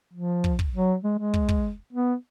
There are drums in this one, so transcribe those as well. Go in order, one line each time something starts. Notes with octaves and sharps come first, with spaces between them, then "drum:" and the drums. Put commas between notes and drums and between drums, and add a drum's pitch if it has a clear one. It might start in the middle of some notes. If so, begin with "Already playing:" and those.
F3
drum: kick
drum: kick
F#3
G#3
G#3
drum: kick
drum: kick
B3